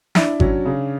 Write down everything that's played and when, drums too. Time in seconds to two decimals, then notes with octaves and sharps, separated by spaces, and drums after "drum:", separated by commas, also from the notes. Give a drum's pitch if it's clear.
0.15 D4 E4, drum: snare
0.40 F#3 C#4, drum: kick G#1
0.65 C#3